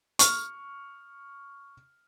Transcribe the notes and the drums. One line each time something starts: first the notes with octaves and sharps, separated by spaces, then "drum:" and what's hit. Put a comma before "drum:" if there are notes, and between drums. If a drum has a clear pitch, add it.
C#6 F6, drum: hi-hat